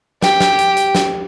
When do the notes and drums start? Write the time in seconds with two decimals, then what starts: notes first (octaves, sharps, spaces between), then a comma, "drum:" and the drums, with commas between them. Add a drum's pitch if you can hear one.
0.22 G4, drum: snare
0.41 drum: snare
0.59 drum: hi-hat
0.77 drum: hi-hat
0.95 drum: snare